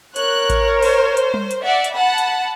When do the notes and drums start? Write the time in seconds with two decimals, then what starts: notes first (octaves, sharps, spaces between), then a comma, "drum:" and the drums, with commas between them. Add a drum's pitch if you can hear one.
0.16 A#4 C#5 F#6, drum: hi-hat
0.50 drum: kick A1, hi-hat
0.82 C5, drum: open hi-hat
1.17 drum: hi-hat
1.34 drum: tom G3
1.51 drum: hi-hat
1.63 D5 E5 F#5
1.84 drum: hi-hat
1.95 F#5 A5 B5
2.18 drum: hi-hat